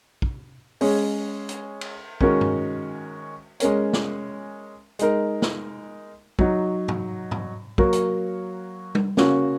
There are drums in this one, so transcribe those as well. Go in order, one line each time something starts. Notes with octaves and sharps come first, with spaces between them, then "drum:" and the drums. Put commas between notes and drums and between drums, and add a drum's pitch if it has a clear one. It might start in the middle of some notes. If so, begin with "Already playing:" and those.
drum: kick
G#3 C#4 G#4 C#5, drum: open hi-hat
drum: hi-hat
drum: cymbal
D#3 G#3 C#4 F#4 A#4, drum: kick
drum: tom G2
G#3 C#4 A#4 C#5, drum: hi-hat
drum: snare
G#3 D#4 A#4, drum: hi-hat
drum: snare
F#3 D#4 F#4, drum: kick
drum: tom G#2
drum: tom G#2
F#3 A#3 F#4 A#4 C#5, drum: kick
drum: hi-hat
drum: tom G3
C#3 A#3 C#4 F#4 C#5, drum: snare